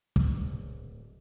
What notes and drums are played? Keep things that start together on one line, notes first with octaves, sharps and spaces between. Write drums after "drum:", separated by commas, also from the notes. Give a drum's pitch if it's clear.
D1, drum: kick